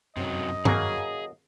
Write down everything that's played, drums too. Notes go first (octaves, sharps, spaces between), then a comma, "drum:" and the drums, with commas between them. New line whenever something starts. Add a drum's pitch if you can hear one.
F#2 C3 F#3 D#5
C#3 F#3 A#3 G#4, drum: tom G2